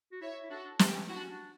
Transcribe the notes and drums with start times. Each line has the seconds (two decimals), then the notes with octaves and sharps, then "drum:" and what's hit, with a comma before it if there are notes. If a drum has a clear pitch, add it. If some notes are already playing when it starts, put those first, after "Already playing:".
0.12 F#4
0.21 E4 C#5 E5
0.43 E4
0.50 D4 F#4 A4
0.65 D4
0.79 D4 G4, drum: snare
0.94 C#4
1.08 E4 F#4
1.16 D4
1.23 C#4
1.30 D4